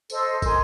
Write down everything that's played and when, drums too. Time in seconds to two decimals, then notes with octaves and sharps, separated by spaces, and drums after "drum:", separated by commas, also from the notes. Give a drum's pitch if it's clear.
0.10 A4 C5 D#5, drum: tambourine
0.42 A#4 D#5 G#5 C6, drum: kick, tambourine